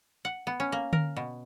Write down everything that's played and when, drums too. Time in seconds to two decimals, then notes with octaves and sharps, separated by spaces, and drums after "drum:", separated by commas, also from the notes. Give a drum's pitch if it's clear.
0.25 F#5
0.47 B3
0.60 C#4
0.72 A#3
0.93 A#4, drum: tom D3
1.17 B2